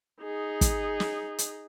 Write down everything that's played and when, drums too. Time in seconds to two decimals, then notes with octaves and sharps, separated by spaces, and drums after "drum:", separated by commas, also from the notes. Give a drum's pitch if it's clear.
0.23 D#4 G#4
0.61 drum: kick, hi-hat
1.00 drum: snare
1.38 drum: hi-hat